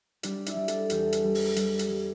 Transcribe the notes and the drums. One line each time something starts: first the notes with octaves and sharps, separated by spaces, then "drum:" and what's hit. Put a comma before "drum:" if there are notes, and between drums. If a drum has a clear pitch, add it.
G3 D4, drum: hi-hat
E4, drum: hi-hat
G3
A4, drum: hi-hat
E2 G4, drum: hi-hat
drum: hi-hat
G3
drum: open hi-hat
G3, drum: hi-hat
drum: hi-hat
G3